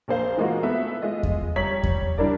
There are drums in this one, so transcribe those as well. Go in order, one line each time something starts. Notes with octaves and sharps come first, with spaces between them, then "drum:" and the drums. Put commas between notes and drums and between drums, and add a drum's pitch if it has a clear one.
A#1 A#3 C5 F5
E3 G#3 A#3 D#4 F4 F#4
A3 B3 E5
G#3 F4 D#5
drum: kick E2
G3 C#5 A#5 B6 F#7
drum: kick E2
G3 D4 E4 A#4 D5